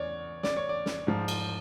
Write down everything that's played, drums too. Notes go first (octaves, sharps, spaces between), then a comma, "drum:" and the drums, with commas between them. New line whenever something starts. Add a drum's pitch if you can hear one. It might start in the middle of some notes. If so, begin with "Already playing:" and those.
Already playing: E2 C#5 D5
D5, drum: snare
C#5
D5
drum: snare
G#2 F3
drum: cymbal